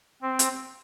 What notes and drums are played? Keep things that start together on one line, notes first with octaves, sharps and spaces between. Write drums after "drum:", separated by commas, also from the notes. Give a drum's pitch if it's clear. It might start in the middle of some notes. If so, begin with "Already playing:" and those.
C4
drum: hi-hat